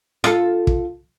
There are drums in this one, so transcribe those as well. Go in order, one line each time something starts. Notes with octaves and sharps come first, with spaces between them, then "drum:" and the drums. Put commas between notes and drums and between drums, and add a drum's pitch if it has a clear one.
F4 A4, drum: rim click
drum: kick